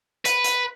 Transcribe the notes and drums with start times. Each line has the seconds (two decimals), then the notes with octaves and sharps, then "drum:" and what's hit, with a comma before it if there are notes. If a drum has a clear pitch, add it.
0.25 B4, drum: hi-hat
0.44 drum: hi-hat